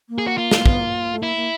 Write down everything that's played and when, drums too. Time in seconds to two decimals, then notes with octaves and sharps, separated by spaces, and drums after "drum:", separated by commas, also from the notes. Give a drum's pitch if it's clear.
0.09 A#3
0.18 G#4
0.27 F#4
0.38 F4
0.51 drum: snare
0.66 B3, drum: kick
0.80 A#3
1.14 A3
1.22 A#3 E4
1.36 A#3